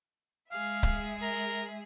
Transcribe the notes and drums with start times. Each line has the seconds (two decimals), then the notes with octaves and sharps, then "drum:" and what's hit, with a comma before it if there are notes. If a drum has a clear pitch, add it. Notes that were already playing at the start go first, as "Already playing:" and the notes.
0.51 G#3 G#4 E5 F5
0.83 drum: kick C#1
1.22 A#4